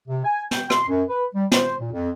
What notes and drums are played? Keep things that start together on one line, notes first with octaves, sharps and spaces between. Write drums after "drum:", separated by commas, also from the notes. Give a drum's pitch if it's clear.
C3
G#5
G5, drum: snare
C6, drum: rim click
F#2
B4
G3
C5, drum: snare
A#2
F2